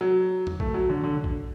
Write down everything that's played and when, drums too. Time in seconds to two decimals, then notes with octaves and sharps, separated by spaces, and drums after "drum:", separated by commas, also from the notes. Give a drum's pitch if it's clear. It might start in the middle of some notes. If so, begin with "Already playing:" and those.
0.01 F#3
0.47 drum: tom
0.60 A3, drum: kick A#1
0.74 F#3
0.90 D3
1.04 D3
1.24 drum: kick A#1